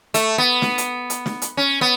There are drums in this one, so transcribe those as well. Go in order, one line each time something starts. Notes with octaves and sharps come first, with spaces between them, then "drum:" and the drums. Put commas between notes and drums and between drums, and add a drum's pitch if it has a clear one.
A3, drum: hi-hat
B3
drum: snare
drum: hi-hat
drum: hi-hat
drum: snare
drum: hi-hat
C#4
B3